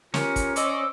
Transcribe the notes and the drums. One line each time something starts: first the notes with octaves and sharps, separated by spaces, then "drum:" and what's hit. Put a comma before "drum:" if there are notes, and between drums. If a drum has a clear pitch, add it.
C#4 F4 G4 A#4, drum: snare
drum: kick, hi-hat
C5 D5 D#5 D6 E6, drum: hi-hat